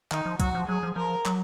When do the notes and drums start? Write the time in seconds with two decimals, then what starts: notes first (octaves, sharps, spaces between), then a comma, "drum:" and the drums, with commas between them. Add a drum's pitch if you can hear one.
0.11 D#3 D#4, drum: clap
0.26 F3
0.40 F#3 F#4, drum: kick C2, hi-hat
0.55 F3
0.68 F#3 G#4
0.83 F3
0.96 F3 A#4
1.26 F#3, drum: clap